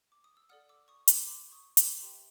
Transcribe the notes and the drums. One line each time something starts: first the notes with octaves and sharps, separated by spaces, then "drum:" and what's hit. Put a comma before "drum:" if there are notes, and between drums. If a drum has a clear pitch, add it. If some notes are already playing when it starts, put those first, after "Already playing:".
D6
D#6
E6
A4 D5 F#5 D#6 F6
D6 E6
C#6 D#6
C6 D6, drum: hi-hat
C6 D6
C#6 D#6
C6 D6, drum: hi-hat
G4 B4 E5 G5 A#5 C6